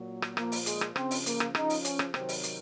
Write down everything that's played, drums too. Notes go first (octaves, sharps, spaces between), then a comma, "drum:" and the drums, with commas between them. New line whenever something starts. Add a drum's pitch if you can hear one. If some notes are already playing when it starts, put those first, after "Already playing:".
Already playing: A#2 F#3
drum: rim click
A#2 F3 A#3, drum: rim click
drum: open hi-hat
G#3, drum: hi-hat
drum: rim click
C#3 F3 C4, drum: rim click
drum: open hi-hat
A#3, drum: hi-hat
drum: rim click
C#3 F3 D#4, drum: rim click
drum: open hi-hat
C#4, drum: hi-hat
drum: rim click
C3 D#3 F#3 C4, drum: rim click
drum: open hi-hat
drum: hi-hat